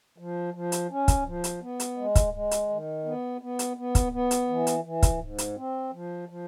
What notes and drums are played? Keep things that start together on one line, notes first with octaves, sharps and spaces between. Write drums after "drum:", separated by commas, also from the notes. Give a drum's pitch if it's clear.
F3
F3
drum: hi-hat
C#4
drum: kick, hi-hat
F3
drum: hi-hat
B3
drum: hi-hat
G#3
drum: kick, hi-hat
G#3
drum: hi-hat
D#3
B3
B3
drum: hi-hat
B3
drum: kick, hi-hat
B3
drum: hi-hat
E3
drum: hi-hat
E3
drum: kick, hi-hat
G#2
drum: hi-hat
C4
F3
F3